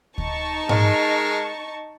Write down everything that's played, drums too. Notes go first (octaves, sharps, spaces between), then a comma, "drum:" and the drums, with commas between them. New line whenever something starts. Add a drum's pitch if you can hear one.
D#4 A5 C#6, drum: kick D2
G#3 A#4, drum: tom G#2